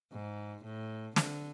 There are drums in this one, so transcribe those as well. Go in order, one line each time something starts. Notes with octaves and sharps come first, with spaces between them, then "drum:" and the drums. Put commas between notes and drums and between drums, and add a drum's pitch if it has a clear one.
G#2
A2
D3, drum: snare